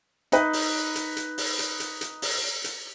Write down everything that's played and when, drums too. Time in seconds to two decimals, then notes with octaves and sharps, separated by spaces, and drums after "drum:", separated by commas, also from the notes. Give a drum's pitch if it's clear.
0.32 D#4 B4, drum: hi-hat
0.53 drum: open hi-hat
0.95 drum: hi-hat
1.17 drum: hi-hat
1.38 drum: open hi-hat
1.59 drum: hi-hat
1.80 drum: hi-hat
2.01 drum: hi-hat
2.22 drum: open hi-hat
2.64 drum: hi-hat